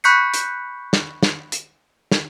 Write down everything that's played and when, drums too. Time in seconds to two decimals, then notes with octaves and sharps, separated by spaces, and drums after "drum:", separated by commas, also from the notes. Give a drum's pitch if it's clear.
0.04 B5 C#6 F#6 G6 B6 C#7
0.34 drum: hi-hat
0.93 drum: snare
1.23 drum: snare
1.52 drum: hi-hat
2.12 drum: snare